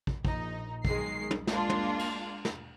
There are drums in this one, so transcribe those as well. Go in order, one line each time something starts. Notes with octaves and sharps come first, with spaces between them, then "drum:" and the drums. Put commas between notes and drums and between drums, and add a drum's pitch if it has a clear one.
drum: kick
A#1 D#4, drum: kick
B1 D#3 G#3 C7, drum: kick
drum: tom
G#3 A#3 D4 F4, drum: snare
drum: tom
drum: cymbal
drum: snare